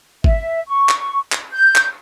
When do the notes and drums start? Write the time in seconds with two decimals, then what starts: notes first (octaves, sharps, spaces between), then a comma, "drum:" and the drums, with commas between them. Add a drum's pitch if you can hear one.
0.24 E5, drum: kick G1
0.68 C#6
0.89 drum: clap
1.32 drum: clap
1.52 G6
1.76 drum: clap